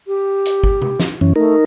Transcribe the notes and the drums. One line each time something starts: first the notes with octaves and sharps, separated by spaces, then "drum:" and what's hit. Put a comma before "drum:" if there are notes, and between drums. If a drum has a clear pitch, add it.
G4
drum: hi-hat
drum: kick
drum: tom C3
drum: snare
F#2 E3 C#4
A3 D#4 A#4